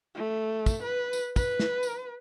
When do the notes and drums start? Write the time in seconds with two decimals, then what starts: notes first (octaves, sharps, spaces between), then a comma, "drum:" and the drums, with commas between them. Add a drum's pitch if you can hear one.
0.15 A3
0.66 drum: kick, tambourine
0.83 B4
1.13 drum: tambourine
1.36 B4, drum: kick, tambourine
1.60 drum: snare
1.83 drum: tambourine